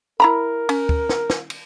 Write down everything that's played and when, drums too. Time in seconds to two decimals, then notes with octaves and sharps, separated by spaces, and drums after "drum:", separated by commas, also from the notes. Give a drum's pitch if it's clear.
0.20 E4 A#4 A#5 B5
0.69 C#4, drum: cymbal
0.89 drum: kick
1.09 drum: snare
1.30 drum: snare
1.50 drum: cymbal